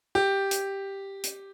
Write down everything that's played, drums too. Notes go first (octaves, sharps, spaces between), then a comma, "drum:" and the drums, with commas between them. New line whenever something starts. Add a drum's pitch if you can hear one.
G4
drum: hi-hat
drum: hi-hat